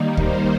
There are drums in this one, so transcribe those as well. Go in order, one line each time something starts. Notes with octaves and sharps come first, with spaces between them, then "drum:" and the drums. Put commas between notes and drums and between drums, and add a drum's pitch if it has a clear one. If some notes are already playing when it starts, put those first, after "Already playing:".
Already playing: D#3 G3 A#3 D#4
C5, drum: kick D2